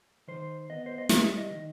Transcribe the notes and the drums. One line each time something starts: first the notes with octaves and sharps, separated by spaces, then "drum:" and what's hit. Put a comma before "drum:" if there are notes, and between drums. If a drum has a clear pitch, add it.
D#3 C5
B3 D#5
C5
D#5
G3 E5, drum: snare
D#5
D#3